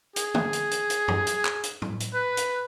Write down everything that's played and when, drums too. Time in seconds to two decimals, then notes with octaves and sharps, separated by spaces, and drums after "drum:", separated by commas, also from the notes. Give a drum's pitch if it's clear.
0.16 G#4, drum: hi-hat
0.35 drum: tom
0.53 drum: hi-hat
0.71 drum: hi-hat
0.90 drum: hi-hat
1.08 drum: tom F#2
1.27 drum: hi-hat
1.45 drum: clap
1.63 drum: hi-hat
1.82 drum: tom
2.00 drum: hi-hat
2.14 B4
2.37 drum: hi-hat